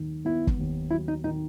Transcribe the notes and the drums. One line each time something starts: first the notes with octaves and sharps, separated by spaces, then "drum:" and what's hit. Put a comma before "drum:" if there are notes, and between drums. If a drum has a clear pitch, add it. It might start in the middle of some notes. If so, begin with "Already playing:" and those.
Already playing: D#2 D#3
B3 E4
drum: kick
D#2
F#3 E4
D#4
D#3 D#4